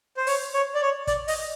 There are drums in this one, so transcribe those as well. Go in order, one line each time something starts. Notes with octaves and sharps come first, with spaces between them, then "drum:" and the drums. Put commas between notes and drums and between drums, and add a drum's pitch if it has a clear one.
C5
C#5, drum: open hi-hat
C#5
D5
C#5
D5, drum: kick, hi-hat
D#5, drum: open hi-hat